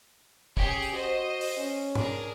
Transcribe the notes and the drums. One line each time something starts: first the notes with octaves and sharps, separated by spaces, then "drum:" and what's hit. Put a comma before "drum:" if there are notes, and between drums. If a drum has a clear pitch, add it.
C#4 G4 G#4, drum: kick
drum: tambourine
F#4 C5 D#5
drum: open hi-hat
C#4
D4 G#4 A#4, drum: tom